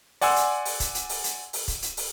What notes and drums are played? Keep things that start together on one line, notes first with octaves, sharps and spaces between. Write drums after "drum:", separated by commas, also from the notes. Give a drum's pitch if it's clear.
D5 F#5 G#5 C6 E6, drum: open hi-hat
drum: hi-hat
drum: open hi-hat
drum: kick C#1, hi-hat
drum: hi-hat
drum: open hi-hat
drum: hi-hat
drum: open hi-hat
drum: kick C#1, hi-hat
drum: hi-hat
drum: open hi-hat